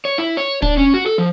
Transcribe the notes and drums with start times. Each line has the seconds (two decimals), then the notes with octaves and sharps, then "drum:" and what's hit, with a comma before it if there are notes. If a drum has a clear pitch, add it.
0.05 C#5
0.18 E4
0.37 C#5
0.62 D4, drum: kick
0.77 C#4
0.94 F#4
1.06 A4
1.18 F3